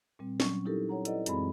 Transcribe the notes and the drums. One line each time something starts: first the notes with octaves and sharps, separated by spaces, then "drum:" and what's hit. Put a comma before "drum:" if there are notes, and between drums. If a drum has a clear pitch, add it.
A#2 G3 C4
F#3 C#4 C#6, drum: snare
D#4 E4 G4 A4 A#4
C#5 F#5 A#5
E4 A4 B4 D5 D#5 F#5, drum: hi-hat
F#2 E3 G#3 C4 G#4 B5, drum: hi-hat